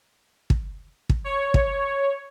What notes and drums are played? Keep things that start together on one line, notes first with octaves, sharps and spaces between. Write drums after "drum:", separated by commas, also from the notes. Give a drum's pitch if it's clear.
drum: kick
drum: kick
C#5
drum: kick